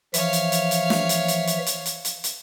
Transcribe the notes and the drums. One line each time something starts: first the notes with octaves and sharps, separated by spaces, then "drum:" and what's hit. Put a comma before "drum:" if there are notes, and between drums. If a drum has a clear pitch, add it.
E3 F3 C#5 E5 F5, drum: hi-hat
drum: hi-hat
drum: hi-hat
drum: hi-hat
drum: snare
drum: hi-hat
drum: hi-hat
drum: hi-hat
drum: hi-hat
drum: hi-hat
drum: hi-hat
drum: hi-hat